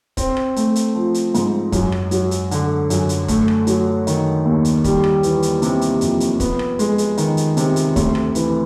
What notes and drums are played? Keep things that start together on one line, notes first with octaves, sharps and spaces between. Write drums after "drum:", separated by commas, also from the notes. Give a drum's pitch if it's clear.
C4, drum: kick, hi-hat
drum: rim click
A3, drum: hi-hat
drum: hi-hat
F3
drum: hi-hat
G#2, drum: hi-hat
F#2, drum: kick, hi-hat
drum: rim click
F#3, drum: hi-hat
drum: hi-hat
D3, drum: hi-hat
F#2, drum: hi-hat
drum: hi-hat
A3, drum: kick, hi-hat
drum: rim click
F#3, drum: hi-hat
D#3, drum: hi-hat
D#2
drum: hi-hat
G3, drum: kick, hi-hat
drum: rim click
E3, drum: hi-hat
drum: hi-hat
C3, drum: hi-hat
drum: hi-hat
F2, drum: hi-hat
drum: hi-hat
B3, drum: kick, hi-hat
drum: rim click
G#3, drum: hi-hat
drum: hi-hat
D#3, drum: hi-hat
drum: hi-hat
C3, drum: hi-hat
drum: hi-hat
D2, drum: kick, hi-hat
drum: rim click
E3, drum: hi-hat